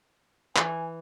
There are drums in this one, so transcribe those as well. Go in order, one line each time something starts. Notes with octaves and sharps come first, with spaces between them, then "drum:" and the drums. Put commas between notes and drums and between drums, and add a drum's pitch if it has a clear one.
E3 G#5, drum: clap